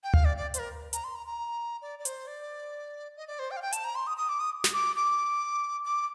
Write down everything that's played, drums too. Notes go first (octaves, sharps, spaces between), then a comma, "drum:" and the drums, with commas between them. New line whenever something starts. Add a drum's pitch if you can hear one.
G5
F5, drum: tom D2
D5
D5
C5, drum: hi-hat
A#4
A#5, drum: hi-hat
C6
A#5
A#5
D5
D5
C5, drum: hi-hat
D5
D#5
D5
C5
G5
F5
G5
A5, drum: hi-hat
A#5
C6
D#6
D#6
D6
D#6
drum: snare
D6
D6
D6